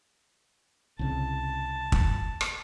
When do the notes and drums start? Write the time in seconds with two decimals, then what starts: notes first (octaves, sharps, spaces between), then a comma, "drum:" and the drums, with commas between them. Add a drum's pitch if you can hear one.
0.99 C2 C#3 A5
1.92 drum: kick
2.41 drum: rim click